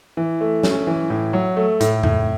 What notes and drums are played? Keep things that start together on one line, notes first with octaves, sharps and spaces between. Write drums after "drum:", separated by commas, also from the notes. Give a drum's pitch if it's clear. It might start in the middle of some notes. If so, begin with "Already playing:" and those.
E3
A3
C#4, drum: snare
E3
A2
F#3
A3
A2, drum: hi-hat
A2, drum: tom F2